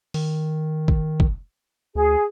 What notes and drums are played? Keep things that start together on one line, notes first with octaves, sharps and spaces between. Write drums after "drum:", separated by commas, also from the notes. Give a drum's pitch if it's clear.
D#3, drum: open hi-hat
drum: kick
drum: kick
D2 G#4